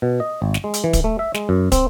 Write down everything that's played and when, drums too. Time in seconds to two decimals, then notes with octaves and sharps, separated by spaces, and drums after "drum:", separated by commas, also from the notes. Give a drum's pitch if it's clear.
0.02 B2
0.20 D#5
0.42 G#1
0.54 drum: snare
0.64 G#3
0.74 drum: hi-hat
0.84 E3
0.93 drum: kick, hi-hat
1.04 A3
1.19 E5
1.34 G#3, drum: snare
1.49 F#2
1.72 C4, drum: kick, hi-hat